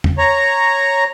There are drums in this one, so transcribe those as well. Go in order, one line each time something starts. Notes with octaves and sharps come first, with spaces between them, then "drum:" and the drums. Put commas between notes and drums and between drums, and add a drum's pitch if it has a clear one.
drum: tom
C#5 A#5